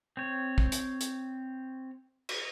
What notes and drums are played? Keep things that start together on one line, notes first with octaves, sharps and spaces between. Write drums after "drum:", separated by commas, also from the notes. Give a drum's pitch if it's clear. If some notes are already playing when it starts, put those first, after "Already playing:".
C4 C#5
drum: kick
drum: hi-hat
drum: hi-hat
drum: cymbal